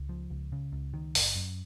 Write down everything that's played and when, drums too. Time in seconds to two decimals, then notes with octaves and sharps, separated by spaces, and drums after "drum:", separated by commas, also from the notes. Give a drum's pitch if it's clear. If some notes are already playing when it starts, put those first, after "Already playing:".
Already playing: C#2
0.09 F3
0.30 C#2
0.52 C#3
0.72 C#2
0.94 D#3
1.15 F#1, drum: open hi-hat
1.36 F#2